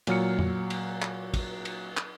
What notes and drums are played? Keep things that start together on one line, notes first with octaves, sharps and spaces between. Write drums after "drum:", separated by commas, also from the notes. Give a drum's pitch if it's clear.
A#2 F#3 F6 C#7, drum: cymbal
drum: tom F2
drum: cymbal
drum: clap
drum: kick, cymbal
drum: cymbal
drum: clap